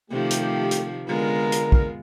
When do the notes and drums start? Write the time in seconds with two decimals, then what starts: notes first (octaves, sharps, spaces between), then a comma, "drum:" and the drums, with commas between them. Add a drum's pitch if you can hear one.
0.10 C3 D#3 F3 A3 G4
0.30 drum: hi-hat
0.71 drum: hi-hat
1.08 D3 G#3 B3 F4 A#4
1.52 drum: hi-hat
1.72 drum: kick